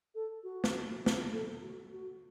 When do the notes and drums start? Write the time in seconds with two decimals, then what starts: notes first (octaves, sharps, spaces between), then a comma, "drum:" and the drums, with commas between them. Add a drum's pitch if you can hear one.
0.15 A4
0.43 F#4
0.64 drum: snare
1.06 drum: snare
1.33 A4
1.62 F#4
1.93 F#4